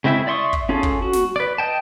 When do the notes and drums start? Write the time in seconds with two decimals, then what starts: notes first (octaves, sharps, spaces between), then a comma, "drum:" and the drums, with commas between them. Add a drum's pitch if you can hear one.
0.04 C#3 G#3 C4 E4 E5
0.27 D5 E5 C6 C#6 D#6
0.53 drum: kick
0.69 C#4 F4 G#4 A4
0.83 drum: kick
1.02 F#4
1.13 drum: snare
1.36 B4 D5
1.58 D#5 G5 A5